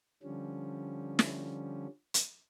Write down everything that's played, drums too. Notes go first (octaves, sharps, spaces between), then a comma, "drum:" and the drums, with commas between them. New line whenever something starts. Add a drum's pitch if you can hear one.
D3 F3 G3 C#4
drum: snare
drum: hi-hat